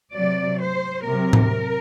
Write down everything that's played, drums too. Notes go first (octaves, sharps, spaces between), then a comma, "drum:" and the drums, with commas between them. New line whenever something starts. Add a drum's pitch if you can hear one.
C3 F#3 D5
C5
C3 F#3 A#4
drum: tom A2